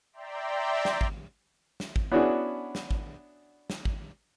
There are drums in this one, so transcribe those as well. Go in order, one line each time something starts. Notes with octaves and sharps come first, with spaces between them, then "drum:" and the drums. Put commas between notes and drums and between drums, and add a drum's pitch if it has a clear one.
D5 E5 G5 A#5 C6
drum: snare
drum: kick G#1
drum: snare
drum: kick G#1
B3 C#4 D4 E4 F#4 G#4
drum: snare
drum: kick G#1
drum: snare
drum: kick G#1